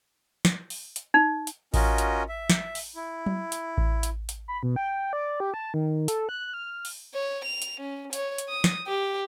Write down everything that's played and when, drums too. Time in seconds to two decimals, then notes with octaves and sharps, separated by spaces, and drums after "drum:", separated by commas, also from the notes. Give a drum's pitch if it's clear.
0.45 drum: snare
0.70 drum: open hi-hat
0.96 drum: hi-hat
1.14 D#4
1.47 drum: hi-hat
1.74 C#4 F4 F#4 A#4 D#5, drum: kick A1, open hi-hat
1.98 drum: hi-hat
2.29 E5
2.50 drum: snare
2.75 drum: open hi-hat
2.96 E4
3.26 drum: tom F#3
3.52 drum: hi-hat
3.78 drum: kick A1
4.03 drum: hi-hat
4.29 drum: hi-hat
4.48 B5
4.63 B2
4.76 G5
5.13 D5
5.40 G4
5.54 A5
5.74 D#3
6.08 A4, drum: hi-hat
6.29 F#6
6.54 F6
6.85 drum: open hi-hat
7.15 C#5
7.45 F7
7.62 drum: hi-hat
7.81 C#4
8.13 C#5, drum: hi-hat
8.38 drum: hi-hat
8.49 D#6
8.64 drum: snare
8.87 G4